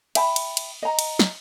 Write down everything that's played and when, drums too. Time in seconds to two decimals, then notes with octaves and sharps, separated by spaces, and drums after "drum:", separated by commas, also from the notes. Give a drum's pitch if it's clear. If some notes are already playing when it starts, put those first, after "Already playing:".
0.15 E5 G5 B5, drum: cymbal
0.36 drum: cymbal
0.57 drum: cymbal
0.82 D#5 A#5
0.99 drum: cymbal
1.19 drum: snare